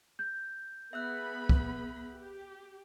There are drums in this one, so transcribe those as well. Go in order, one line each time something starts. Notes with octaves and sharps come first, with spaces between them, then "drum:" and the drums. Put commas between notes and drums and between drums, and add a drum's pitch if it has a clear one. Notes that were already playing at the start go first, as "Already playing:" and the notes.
G6
B3 G#4 E5 B5 E6 F#6
drum: kick
G4